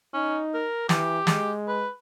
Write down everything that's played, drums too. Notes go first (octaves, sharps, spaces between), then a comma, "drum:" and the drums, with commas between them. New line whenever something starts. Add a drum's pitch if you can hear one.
C#4 D#4
A#4
E3 G4, drum: snare
G#3, drum: snare
B4